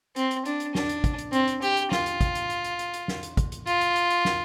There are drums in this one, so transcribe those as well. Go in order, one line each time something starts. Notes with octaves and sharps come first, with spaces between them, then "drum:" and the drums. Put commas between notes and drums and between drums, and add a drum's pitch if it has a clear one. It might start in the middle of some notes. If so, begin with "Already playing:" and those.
C4, drum: hi-hat
drum: hi-hat
D4, drum: hi-hat
drum: hi-hat
D4, drum: snare
drum: hi-hat
drum: kick, hi-hat
drum: hi-hat
C4, drum: hi-hat
drum: hi-hat
G4, drum: hi-hat
drum: hi-hat
F4, drum: snare
drum: hi-hat
drum: kick, hi-hat
drum: hi-hat
drum: hi-hat
drum: hi-hat
drum: hi-hat
drum: hi-hat
drum: snare
drum: hi-hat
drum: kick, hi-hat
drum: hi-hat
F4, drum: hi-hat
drum: hi-hat
drum: hi-hat
drum: hi-hat
drum: snare